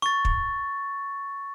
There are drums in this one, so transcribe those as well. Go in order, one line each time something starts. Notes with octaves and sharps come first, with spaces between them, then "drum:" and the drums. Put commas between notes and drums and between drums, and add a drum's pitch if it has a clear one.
C#6 A6
drum: kick